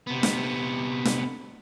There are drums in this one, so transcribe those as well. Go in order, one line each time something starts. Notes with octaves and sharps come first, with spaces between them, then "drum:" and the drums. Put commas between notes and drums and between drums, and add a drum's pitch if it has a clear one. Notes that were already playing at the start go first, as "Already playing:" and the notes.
C3 B3
drum: snare
drum: snare